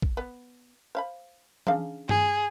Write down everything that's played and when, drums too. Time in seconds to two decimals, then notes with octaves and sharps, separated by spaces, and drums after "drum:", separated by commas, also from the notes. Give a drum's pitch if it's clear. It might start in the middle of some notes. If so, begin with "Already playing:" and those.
0.02 drum: kick
0.17 B3
0.95 C5 F5 B5
1.67 C#3 D4 F5, drum: tom E3
2.09 G#4, drum: tom G2